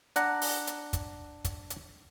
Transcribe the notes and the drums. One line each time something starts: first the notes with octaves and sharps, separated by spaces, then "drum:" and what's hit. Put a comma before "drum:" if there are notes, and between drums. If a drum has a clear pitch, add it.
D4 F#5 A#5, drum: hi-hat
drum: open hi-hat
drum: hi-hat
drum: kick, hi-hat
drum: kick, hi-hat
drum: hi-hat